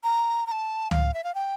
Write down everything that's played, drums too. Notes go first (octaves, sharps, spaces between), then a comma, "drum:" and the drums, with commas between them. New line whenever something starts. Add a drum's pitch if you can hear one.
A#5
A#5
A5
F5, drum: tom C#2
E5
F5
G5